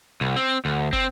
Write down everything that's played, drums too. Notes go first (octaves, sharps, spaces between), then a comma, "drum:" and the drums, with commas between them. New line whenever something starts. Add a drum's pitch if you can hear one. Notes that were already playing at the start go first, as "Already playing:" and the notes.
C2
C4
D2
C4, drum: kick